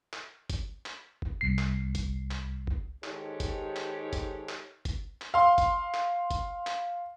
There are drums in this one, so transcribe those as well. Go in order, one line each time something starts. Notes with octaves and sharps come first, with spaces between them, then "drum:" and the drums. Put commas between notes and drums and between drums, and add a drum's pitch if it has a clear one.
drum: clap
drum: kick, hi-hat
drum: clap
drum: kick
C2 C7
drum: clap
drum: kick, hi-hat
drum: clap
drum: kick
G#2 D#3 D#4 G4 A4 C#5, drum: clap
drum: kick, hi-hat
drum: clap
drum: kick, hi-hat
drum: clap
drum: kick, hi-hat
drum: clap
F5 C6
drum: kick, hi-hat
drum: clap
drum: kick, hi-hat
drum: clap